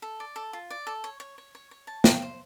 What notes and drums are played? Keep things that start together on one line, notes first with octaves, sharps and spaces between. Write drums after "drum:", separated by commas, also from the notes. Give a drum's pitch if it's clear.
A4
D5
A4
F4
D5
A4
C#5
C#5
C#5
C#5
C#5
A5
G5, drum: snare
C5